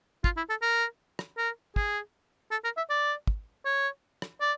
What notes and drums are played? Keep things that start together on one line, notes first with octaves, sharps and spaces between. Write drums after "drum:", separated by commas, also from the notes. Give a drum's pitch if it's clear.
F4, drum: kick
E4
A4
A#4
drum: rim click
A#4
G#4, drum: kick
A4
A#4
E5
D5
drum: kick
C#5
drum: rim click
D5